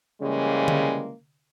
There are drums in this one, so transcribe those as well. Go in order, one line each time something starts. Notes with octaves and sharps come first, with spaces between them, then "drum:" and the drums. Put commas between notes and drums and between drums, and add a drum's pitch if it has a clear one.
C#3 E3 G3 G#3 A#3
drum: tom D3